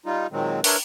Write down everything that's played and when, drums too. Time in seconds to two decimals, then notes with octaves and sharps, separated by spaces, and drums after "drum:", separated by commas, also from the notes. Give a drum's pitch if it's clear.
0.06 G3 D#4 F4
0.32 A#2 D#3 F#3 G#3 C4
0.64 D4 E4 A#4 B4 C#5, drum: open hi-hat